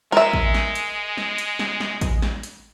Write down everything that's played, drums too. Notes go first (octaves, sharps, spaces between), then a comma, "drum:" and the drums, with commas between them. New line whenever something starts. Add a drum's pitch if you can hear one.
G#3 A#4 E5, drum: snare
drum: kick A1
drum: snare
drum: hi-hat
drum: snare
drum: hi-hat
drum: snare
drum: snare
drum: kick A1, hi-hat
drum: snare
drum: hi-hat